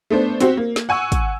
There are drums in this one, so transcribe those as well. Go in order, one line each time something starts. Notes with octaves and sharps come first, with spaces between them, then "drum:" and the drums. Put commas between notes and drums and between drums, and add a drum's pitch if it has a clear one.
A3 B3 D4 C5
C4 F#4 G4 C5, drum: hi-hat
A#3
drum: snare
F#5 G#5 C#6 E6
drum: kick, hi-hat